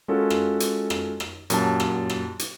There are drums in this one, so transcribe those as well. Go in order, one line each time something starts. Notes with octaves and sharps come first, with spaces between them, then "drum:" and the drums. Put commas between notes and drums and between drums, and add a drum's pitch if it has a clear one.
G#3 C#4 F4 F#4 A4 A#4
drum: rim click
drum: hi-hat
drum: rim click
drum: rim click
F#2 A#2 F#3 G4 A5, drum: hi-hat
drum: rim click
drum: rim click
drum: hi-hat